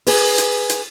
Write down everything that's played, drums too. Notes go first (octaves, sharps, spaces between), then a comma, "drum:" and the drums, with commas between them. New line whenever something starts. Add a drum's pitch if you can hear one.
G#4 B4, drum: open hi-hat
drum: hi-hat
drum: hi-hat